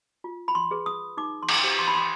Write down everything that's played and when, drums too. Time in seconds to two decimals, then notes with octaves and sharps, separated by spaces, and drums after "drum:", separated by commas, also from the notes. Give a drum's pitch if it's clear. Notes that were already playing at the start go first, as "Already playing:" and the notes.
0.24 F4
0.48 B5
0.55 C6
0.71 G#4 B4
0.86 D#6
1.17 D#4 D6
1.43 C6
1.49 D6, drum: cymbal
1.63 G4 C5
1.79 C6
1.88 B5
1.95 C6